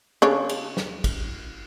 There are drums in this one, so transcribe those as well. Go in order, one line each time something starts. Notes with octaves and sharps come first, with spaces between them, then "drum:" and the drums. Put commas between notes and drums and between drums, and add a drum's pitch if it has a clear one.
C#3 D4 C#5
drum: cymbal
drum: snare
drum: kick, cymbal